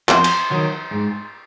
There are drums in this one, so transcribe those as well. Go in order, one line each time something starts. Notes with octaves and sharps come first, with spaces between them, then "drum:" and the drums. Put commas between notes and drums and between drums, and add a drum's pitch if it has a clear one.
F2 C5, drum: clap
drum: cymbal
D#3 F#3
G#2